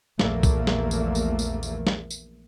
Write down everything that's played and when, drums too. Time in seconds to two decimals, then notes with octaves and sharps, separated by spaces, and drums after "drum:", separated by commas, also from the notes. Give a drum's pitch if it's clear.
0.19 A#1 E2 A3 A#3, drum: snare
0.43 drum: kick B1, tambourine
0.67 drum: snare
0.91 drum: tambourine
1.15 drum: tambourine
1.39 drum: tambourine
1.63 drum: tambourine
1.87 drum: snare
2.10 drum: tambourine